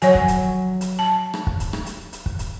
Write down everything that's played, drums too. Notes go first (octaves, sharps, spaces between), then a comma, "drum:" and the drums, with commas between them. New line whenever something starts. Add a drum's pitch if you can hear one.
F#3 C#5 G#5, drum: hi-hat
drum: kick
drum: hi-hat
drum: hi-hat
A5
drum: rim click
drum: kick
drum: hi-hat
drum: rim click
drum: hi-hat
drum: hi-hat
drum: kick
drum: hi-hat